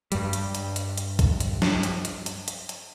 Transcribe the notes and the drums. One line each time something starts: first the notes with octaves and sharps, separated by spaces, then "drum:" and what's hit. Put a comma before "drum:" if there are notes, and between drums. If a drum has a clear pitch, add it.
G2 G3, drum: hi-hat
drum: hi-hat
drum: hi-hat
drum: hi-hat
drum: hi-hat
drum: kick, hi-hat
drum: hi-hat
drum: snare
drum: hi-hat
drum: hi-hat
drum: hi-hat
drum: hi-hat
drum: hi-hat